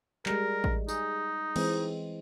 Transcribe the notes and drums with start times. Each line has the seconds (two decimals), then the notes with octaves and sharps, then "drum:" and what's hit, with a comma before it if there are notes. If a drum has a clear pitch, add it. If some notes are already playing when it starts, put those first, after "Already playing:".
0.26 G3 G#3 A#4, drum: clap
0.64 drum: kick A1
0.89 D#4 G#4, drum: tambourine
1.56 E3 G#3 C4, drum: cymbal